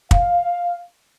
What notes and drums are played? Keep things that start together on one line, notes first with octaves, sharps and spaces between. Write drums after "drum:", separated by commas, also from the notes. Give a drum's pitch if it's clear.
F5, drum: kick